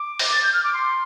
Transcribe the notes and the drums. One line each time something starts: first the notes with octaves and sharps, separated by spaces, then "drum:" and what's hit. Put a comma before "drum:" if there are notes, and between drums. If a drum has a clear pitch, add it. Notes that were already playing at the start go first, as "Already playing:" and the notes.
Already playing: D6
drum: open hi-hat
A6
G6
F6
D6
C6